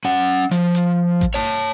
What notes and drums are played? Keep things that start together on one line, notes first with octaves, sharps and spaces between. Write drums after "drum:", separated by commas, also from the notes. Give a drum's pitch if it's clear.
C#4 F#5
F3, drum: hi-hat
drum: hi-hat
drum: kick A1, hi-hat
C#5 A5
drum: hi-hat